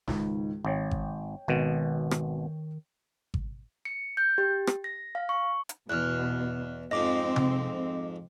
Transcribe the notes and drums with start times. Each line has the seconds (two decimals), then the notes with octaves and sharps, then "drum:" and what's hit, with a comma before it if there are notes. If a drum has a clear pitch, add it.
0.08 C#2 G#2 D#3, drum: snare
0.65 G#1 C#5 G5
0.91 drum: kick G#1
1.48 G#1 B2 D#3
2.11 drum: rim click
3.34 drum: kick G#1
3.85 C#7
4.17 G6
4.38 G4
4.67 drum: rim click
4.84 A#6
5.15 F5
5.29 C#6
5.69 drum: hi-hat
5.90 E2 B2 F6 F#6
6.91 F2 G#2 C4 D#5 D6
7.36 drum: tom C3